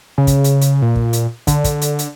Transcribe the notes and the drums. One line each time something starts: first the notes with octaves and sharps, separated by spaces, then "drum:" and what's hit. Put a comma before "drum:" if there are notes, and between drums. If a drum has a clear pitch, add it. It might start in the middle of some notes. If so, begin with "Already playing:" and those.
C#3
drum: kick, hi-hat
drum: hi-hat
drum: hi-hat
A#2
drum: kick
drum: hi-hat
D3, drum: kick, hi-hat
drum: kick, hi-hat
drum: hi-hat
drum: hi-hat